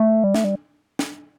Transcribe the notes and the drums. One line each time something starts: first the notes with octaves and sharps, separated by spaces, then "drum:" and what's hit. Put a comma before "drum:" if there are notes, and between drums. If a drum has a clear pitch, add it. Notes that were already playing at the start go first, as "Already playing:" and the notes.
Already playing: A3
G3
A3, drum: snare
G3
drum: snare